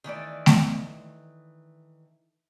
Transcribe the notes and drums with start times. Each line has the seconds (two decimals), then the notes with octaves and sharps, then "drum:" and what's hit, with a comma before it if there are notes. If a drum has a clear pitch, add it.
0.04 D#3 E3 A3 D5
0.46 drum: snare A3